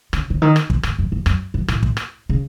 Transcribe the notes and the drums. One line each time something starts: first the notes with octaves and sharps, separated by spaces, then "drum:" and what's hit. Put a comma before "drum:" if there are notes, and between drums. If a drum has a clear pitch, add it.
C#3, drum: rim click
C#3
D#3
drum: rim click
C#3, drum: kick
G#2, drum: rim click
F#2
F#2
F#2, drum: rim click
F#2
A2, drum: rim click
drum: kick
drum: rim click
C#3